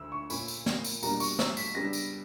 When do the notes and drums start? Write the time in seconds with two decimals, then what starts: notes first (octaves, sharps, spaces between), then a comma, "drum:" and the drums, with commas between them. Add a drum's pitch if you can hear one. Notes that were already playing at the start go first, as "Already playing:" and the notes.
Already playing: D2 D3 E6
0.12 C#6
0.30 A#2 A#3 C#4 B5, drum: tambourine
0.48 drum: tambourine
0.66 drum: snare
0.84 drum: tambourine
1.03 B2 G3 A#3 D4 A#5, drum: tambourine
1.20 C#6, drum: tambourine
1.39 E6, drum: snare
1.57 B6, drum: tambourine
1.75 C#3 G3 B3 D4 A#6
1.93 drum: tambourine